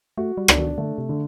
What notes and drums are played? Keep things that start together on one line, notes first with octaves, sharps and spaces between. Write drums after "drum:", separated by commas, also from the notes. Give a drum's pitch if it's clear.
A3 F#4
G3
D4, drum: rim click
D#3
D3 A3
C3
D3